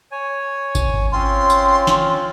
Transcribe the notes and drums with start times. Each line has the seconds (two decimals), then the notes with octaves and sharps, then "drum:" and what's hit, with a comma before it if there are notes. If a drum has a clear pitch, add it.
0.12 C#5 G#5
0.75 drum: kick G#1, tambourine
1.12 C4 C#4 F4 C6
1.50 drum: tambourine
1.87 drum: snare